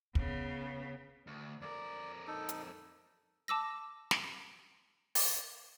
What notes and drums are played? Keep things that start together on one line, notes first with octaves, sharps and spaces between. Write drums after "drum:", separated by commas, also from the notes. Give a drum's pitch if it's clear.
C#3 B3, drum: kick
D2
F2 A#4 D5
D#4 A4
drum: hi-hat
A5 D6 E6 A#6
drum: snare
drum: open hi-hat